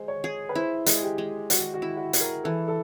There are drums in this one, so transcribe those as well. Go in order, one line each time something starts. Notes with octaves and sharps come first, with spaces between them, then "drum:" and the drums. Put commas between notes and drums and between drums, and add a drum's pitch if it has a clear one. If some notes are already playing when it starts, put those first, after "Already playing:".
Already playing: G#3 C5
C#5
G#4
B4
E4 C5
G#3, drum: hi-hat
G4
G#3
G#3 F#4, drum: hi-hat
F#4
E4
F#4
G#4, drum: hi-hat
A#4
E3 A4
A4